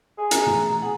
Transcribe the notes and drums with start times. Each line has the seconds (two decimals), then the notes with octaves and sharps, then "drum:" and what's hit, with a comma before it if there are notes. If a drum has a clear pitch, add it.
0.18 G#4
0.31 A#5, drum: hi-hat
0.46 B2 E3 A3
0.82 G#4 F#5